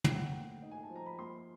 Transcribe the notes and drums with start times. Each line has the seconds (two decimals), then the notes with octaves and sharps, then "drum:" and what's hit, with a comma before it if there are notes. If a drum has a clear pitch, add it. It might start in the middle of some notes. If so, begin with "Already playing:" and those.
0.04 A#3 G5, drum: tom
0.15 F#5
0.25 G5
0.33 A2
0.62 D#4
0.71 G#5
0.83 A5
0.90 F3
0.96 A#5
1.06 B5
1.18 A#3 C6